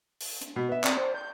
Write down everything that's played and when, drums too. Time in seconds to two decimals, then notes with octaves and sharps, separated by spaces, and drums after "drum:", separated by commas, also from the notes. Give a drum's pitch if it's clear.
0.21 drum: open hi-hat
0.42 drum: hi-hat
0.56 B2
0.69 B3 E5
0.84 C4 D5, drum: clap
0.97 C5
1.14 G6